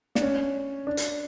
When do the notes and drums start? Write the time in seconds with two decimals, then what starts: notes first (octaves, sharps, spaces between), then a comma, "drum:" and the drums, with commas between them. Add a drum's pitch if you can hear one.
0.15 D4, drum: snare
0.22 C#4
0.87 D4
0.97 drum: hi-hat